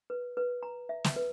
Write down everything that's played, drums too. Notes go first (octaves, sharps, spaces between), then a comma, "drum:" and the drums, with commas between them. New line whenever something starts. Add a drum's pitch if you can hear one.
B4
B4
A#5
E5
drum: snare
B4